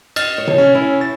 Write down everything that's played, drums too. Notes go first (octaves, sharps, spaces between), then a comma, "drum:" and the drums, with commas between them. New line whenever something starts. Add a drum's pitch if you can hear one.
D#5 F6 A6, drum: cymbal
C#5
drum: tom C3
C#4
E4
A6